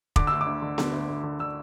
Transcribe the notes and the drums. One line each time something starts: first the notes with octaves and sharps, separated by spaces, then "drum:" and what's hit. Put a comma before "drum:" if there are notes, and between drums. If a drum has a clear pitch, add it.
D3 D6, drum: kick
D2 E6
D6
D2
D3
D3, drum: snare B3
D2
D2
D3
D3 E6